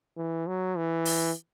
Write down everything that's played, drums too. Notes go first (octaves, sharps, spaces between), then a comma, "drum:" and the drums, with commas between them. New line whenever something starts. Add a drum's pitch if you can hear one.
E3
F#3
E3
drum: open hi-hat